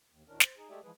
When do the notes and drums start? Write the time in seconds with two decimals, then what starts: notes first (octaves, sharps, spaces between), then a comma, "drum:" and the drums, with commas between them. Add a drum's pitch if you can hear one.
0.10 D#2
0.28 D2 A2 D#3 C#4 D4 A#4
0.40 C5, drum: snare
0.57 D#4 G#4
0.70 G#3 A3 G4 G#4 D5 E5
0.83 E3 F3 G#3 G#4 B4